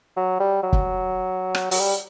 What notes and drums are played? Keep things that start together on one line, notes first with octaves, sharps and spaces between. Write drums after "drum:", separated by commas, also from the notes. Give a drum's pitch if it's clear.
F#3
G3
F#3
drum: kick
drum: rim click
F#3, drum: open hi-hat
G3